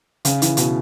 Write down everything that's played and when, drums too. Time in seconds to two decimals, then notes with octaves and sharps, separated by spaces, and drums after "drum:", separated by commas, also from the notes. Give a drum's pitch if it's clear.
0.25 C#3, drum: hi-hat
0.42 E3, drum: hi-hat
0.57 B2, drum: hi-hat